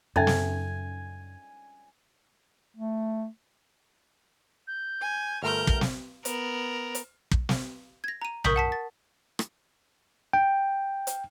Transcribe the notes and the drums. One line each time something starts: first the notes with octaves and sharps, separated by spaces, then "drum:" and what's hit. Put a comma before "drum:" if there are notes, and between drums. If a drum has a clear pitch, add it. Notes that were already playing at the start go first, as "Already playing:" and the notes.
F#2 C#3 C#4 D#4 A4 E5 G#5
drum: snare
A3
G6
G#5
G1 A3 A#4 F6 G6
drum: kick
drum: snare
B3 A#4, drum: hi-hat
drum: hi-hat
drum: kick
drum: snare
G#6 A#6
A#5 D#7
A#4 C#6 D#6 G6 B6 F#7, drum: tom B1
F#5 A5 B6
A6
drum: rim click
G5
drum: hi-hat